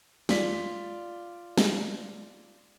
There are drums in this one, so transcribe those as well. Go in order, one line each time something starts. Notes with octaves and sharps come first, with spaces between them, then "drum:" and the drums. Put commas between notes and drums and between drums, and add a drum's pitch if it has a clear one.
F4 D5 B6, drum: snare
drum: snare